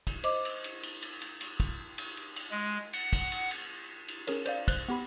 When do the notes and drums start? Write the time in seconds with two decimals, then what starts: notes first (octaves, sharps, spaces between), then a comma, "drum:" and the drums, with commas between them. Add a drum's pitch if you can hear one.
0.07 drum: kick, cymbal
0.24 C5 D#5 D6, drum: cymbal
0.45 drum: cymbal
0.64 drum: cymbal
0.83 drum: cymbal
1.02 drum: cymbal
1.22 drum: cymbal
1.41 drum: cymbal
1.60 drum: kick, cymbal
1.98 drum: cymbal
2.17 drum: cymbal
2.36 drum: cymbal
2.51 G#3
2.93 F#5, drum: cymbal
3.13 drum: kick, cymbal
3.32 drum: cymbal
3.51 drum: cymbal
4.08 drum: cymbal
4.27 C#4 G#4 A#4 C#5, drum: cymbal
4.46 C5 D5 F5, drum: cymbal
4.68 C5 F#6, drum: kick, cymbal
4.88 B3 G4 B5